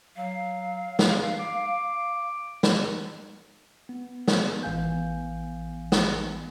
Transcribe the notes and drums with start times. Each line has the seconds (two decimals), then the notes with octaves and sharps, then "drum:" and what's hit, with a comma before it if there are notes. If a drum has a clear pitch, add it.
0.17 F#3 F5
0.99 drum: snare
1.40 D6
2.63 drum: snare
3.89 B3
4.28 drum: snare
4.63 A1 E3 B3 F5 G#5 G6
5.92 drum: snare